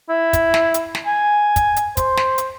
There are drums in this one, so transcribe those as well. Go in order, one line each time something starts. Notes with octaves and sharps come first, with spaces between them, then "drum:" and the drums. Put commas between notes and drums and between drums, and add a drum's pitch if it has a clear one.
E4
drum: kick, hi-hat
drum: snare
drum: hi-hat
drum: snare
G#5
drum: kick, hi-hat
drum: hi-hat
C5, drum: kick, hi-hat
drum: snare
drum: hi-hat